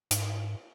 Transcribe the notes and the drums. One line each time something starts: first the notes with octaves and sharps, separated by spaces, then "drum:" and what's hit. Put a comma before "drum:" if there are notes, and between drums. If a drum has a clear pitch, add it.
G#2, drum: hi-hat